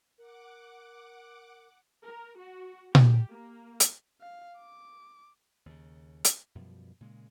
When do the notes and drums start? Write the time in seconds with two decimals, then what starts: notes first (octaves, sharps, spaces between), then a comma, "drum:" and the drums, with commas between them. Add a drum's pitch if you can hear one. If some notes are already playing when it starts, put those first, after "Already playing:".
0.18 A#4 F#5 D6
2.04 A#4
2.38 F#4
2.95 G4, drum: tom A#2
3.31 A#3
3.80 drum: hi-hat
4.21 F5
4.59 D6
5.66 D#2 C#3
6.24 drum: hi-hat
6.55 F#2 B2 F3 G3
7.00 A#2 C#3 G#3